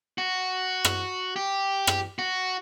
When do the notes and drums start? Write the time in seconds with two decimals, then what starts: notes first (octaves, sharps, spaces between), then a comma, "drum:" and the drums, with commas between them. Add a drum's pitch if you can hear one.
0.18 F#4
0.85 drum: rim click
1.36 G4
1.87 drum: rim click
2.19 F#4